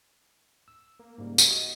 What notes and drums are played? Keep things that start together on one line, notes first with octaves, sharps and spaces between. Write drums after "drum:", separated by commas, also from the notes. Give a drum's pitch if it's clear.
E6
A#3
G#2 C#3 G3
drum: tambourine
F#4 D#5